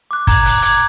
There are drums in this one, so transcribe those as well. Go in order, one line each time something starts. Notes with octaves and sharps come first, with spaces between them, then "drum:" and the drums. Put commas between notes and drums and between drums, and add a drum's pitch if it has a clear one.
D6 F#6
A#5 G#6, drum: kick, hi-hat
D6 F#6, drum: hi-hat
A#5 G#6, drum: hi-hat